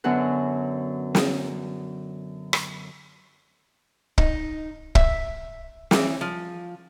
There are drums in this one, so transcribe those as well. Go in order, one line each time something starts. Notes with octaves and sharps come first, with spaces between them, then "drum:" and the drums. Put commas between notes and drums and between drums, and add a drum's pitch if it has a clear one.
F#2 D3 F#3 B3 F#5
drum: snare
drum: rim click
D#4, drum: kick
E5, drum: kick
E3, drum: snare
F3